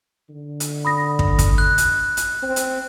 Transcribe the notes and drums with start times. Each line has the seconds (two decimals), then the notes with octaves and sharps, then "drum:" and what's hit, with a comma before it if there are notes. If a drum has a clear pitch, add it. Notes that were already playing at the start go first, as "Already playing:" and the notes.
0.30 D3
0.60 drum: hi-hat
0.85 B5 D#6 A#6
1.19 drum: kick
1.39 drum: kick, hi-hat
1.58 F#6
1.78 drum: hi-hat
2.17 drum: hi-hat
2.43 C4
2.56 drum: hi-hat